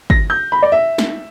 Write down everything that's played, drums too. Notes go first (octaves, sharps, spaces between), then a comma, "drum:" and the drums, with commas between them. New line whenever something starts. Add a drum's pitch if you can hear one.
A#6, drum: kick
G6
B5
D5
E5
drum: snare